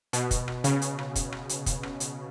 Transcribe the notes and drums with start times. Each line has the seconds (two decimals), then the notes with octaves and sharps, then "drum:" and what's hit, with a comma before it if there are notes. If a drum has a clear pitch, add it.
0.13 B2, drum: hi-hat
0.31 drum: kick, hi-hat
0.48 drum: rim click
0.64 C#3, drum: hi-hat
0.82 drum: hi-hat
0.99 drum: rim click
1.15 drum: kick, hi-hat
1.32 drum: rim click
1.49 drum: hi-hat
1.66 drum: kick, hi-hat
1.83 drum: rim click
2.00 drum: hi-hat